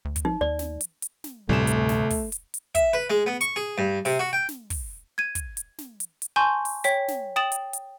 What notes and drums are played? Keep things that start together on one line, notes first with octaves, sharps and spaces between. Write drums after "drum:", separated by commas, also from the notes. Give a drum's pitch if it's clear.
D2
drum: kick, hi-hat
F3 D#4
D#2 D5
drum: snare
drum: hi-hat
drum: hi-hat
drum: snare
G1 D2 A2 C3 G3 A3 E7
drum: hi-hat
drum: snare
drum: kick, open hi-hat
drum: hi-hat
drum: hi-hat
E5, drum: kick, hi-hat
B4
G#3
B3
C#6, drum: hi-hat
G#4
G2
C3, drum: open hi-hat
F#4
G5
drum: snare
drum: kick, open hi-hat
G#6 D#7
drum: kick, hi-hat
drum: hi-hat
drum: snare
drum: hi-hat
drum: hi-hat
G#5 A5 C6 C#6 G6
drum: open hi-hat
C#5 G5 B6, drum: hi-hat
drum: snare
G5 D#6 A6 E7 F#7
drum: hi-hat
drum: hi-hat